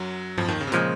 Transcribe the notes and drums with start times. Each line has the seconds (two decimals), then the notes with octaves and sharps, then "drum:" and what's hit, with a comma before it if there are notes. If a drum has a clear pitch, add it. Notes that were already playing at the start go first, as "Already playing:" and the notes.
Already playing: F#2 F#3
0.38 F2 F3, drum: tom G2
0.48 D#2 D#3
0.61 C#3
0.67 C3
0.72 A#2 C#3 F3 G#3, drum: hi-hat